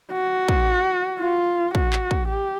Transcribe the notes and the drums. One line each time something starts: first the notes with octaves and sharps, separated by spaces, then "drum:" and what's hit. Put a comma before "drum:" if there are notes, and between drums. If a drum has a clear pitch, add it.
F#4
drum: kick
F4
F#4, drum: kick
drum: clap
drum: kick
G4